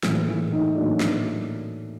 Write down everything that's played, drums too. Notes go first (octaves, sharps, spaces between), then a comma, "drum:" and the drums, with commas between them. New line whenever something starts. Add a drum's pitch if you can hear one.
A2 E3 F#3 A#3 E4, drum: snare
E3 E4
D#4
A2 F#3 A#3 D4
drum: snare